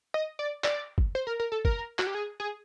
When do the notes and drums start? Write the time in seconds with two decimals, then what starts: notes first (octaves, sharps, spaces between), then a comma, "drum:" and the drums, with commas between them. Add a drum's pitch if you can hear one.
0.14 D#5
0.39 D5
0.64 D5, drum: clap
0.98 drum: kick
1.15 C5
1.27 A#4
1.40 A#4
1.52 A4
1.65 A#4, drum: kick
1.99 F#4, drum: clap
2.07 G4
2.15 G#4
2.40 G#4